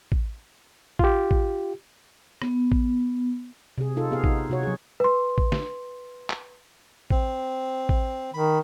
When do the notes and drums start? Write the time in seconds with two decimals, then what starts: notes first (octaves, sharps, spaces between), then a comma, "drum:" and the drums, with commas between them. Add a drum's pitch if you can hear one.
0.12 drum: kick A1
0.99 F4 G4, drum: kick A1
1.31 drum: kick A1
2.42 B3, drum: rim click
2.72 drum: kick A1
3.78 C3 G#4
3.96 C3 D#4 F4 A4
4.11 B3 G#4 F5
4.24 D#4, drum: kick A1
4.49 C3 F#4 C#5
4.63 F#3 G#4
5.00 B4 C6
5.38 drum: kick A1
5.52 drum: snare
6.30 drum: clap
7.10 C4, drum: kick A1
7.89 drum: kick A1
8.34 D#3 B5